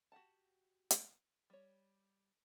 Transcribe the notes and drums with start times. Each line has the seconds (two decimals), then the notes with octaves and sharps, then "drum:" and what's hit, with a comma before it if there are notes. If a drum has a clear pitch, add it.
0.12 F#4 G4 F#5 A5
0.91 drum: hi-hat
1.50 G3 C#5